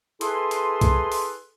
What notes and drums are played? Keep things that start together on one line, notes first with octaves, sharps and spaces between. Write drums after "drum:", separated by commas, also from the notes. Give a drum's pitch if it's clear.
E4 G#4 A4 B4 C6, drum: hi-hat
drum: hi-hat
drum: kick C2, hi-hat
drum: open hi-hat